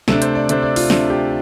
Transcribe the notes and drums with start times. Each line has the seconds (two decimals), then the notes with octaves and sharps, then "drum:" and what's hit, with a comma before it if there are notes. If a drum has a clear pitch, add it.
0.08 C3 A3 D4 A4, drum: snare
0.22 C5, drum: hi-hat
0.35 D5
0.49 C3 A3 D4 C5, drum: hi-hat
0.62 D5
0.76 F4, drum: open hi-hat
0.90 C3 A3 D4, drum: snare
1.10 G4